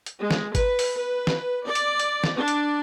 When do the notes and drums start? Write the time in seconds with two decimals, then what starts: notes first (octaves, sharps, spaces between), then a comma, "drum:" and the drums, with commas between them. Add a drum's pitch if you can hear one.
0.06 drum: hi-hat
0.19 G#3
0.31 drum: snare
0.55 B4, drum: kick G#1, hi-hat
0.79 drum: open hi-hat
0.96 B4
1.27 drum: snare
1.65 D5
1.75 drum: hi-hat
1.99 drum: hi-hat
2.24 drum: snare
2.35 D4
2.48 drum: hi-hat